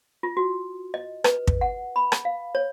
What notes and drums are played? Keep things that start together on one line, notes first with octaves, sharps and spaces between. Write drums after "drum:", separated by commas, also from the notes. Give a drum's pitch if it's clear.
F4
F#4
D#5
B4, drum: rim click
drum: kick
F#5
B5
drum: rim click
F5
C#5